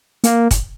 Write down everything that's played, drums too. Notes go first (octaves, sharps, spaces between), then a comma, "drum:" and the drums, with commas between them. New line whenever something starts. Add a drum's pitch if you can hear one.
A#3, drum: hi-hat
drum: kick, hi-hat